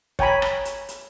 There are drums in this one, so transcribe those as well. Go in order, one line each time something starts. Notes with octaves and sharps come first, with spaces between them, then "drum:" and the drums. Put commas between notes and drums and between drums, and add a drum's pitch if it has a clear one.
C#5 G5 G#5 A#5 B5, drum: kick
drum: rim click
drum: hi-hat
drum: hi-hat